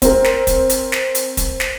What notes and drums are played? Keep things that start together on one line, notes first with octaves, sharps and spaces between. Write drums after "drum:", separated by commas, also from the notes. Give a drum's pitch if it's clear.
C4 A#4, drum: kick, hi-hat
drum: snare
drum: kick, hi-hat
drum: hi-hat
drum: snare
drum: hi-hat
drum: kick, hi-hat
drum: snare